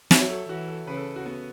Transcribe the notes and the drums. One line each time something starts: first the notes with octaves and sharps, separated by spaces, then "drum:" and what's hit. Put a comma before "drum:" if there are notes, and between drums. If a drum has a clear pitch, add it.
F#3 E5, drum: snare
C#5
A4
E3 F#4
A4
C#3 B4
A4
F#4
B3